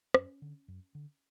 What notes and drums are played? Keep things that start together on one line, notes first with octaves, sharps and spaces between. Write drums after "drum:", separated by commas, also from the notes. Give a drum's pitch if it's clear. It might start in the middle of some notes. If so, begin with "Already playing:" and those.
F#2 C#4, drum: rim click
D3
F#2
D3